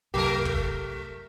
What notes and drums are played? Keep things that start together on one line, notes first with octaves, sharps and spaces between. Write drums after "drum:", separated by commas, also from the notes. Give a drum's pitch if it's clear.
C2 F#2 A3 G4 A4 A#4
drum: kick